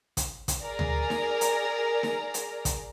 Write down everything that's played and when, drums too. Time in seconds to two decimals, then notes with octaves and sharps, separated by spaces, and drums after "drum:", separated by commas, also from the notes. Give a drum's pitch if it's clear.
0.17 drum: kick, hi-hat
0.48 drum: kick, hi-hat
0.63 G#4 A#4 D5 A#5
0.79 drum: tom D2
1.10 drum: snare D#4
1.41 drum: hi-hat
2.03 drum: snare D#4
2.34 drum: hi-hat
2.65 drum: kick, hi-hat